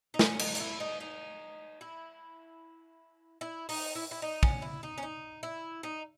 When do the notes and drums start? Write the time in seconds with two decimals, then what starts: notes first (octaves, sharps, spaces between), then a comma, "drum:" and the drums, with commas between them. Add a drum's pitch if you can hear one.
0.14 D#4
0.19 C#4, drum: snare
0.39 D#4, drum: cymbal
0.55 D#4, drum: hi-hat
0.60 E4
0.80 D#4
1.01 D#4
1.81 E4
3.41 E4
3.69 D#4, drum: open hi-hat
3.95 E4
4.11 E4
4.22 D#4
4.43 C#4, drum: kick
4.62 E4
4.83 D#4
4.98 C#4
5.03 D#4
5.43 E4
5.83 D#4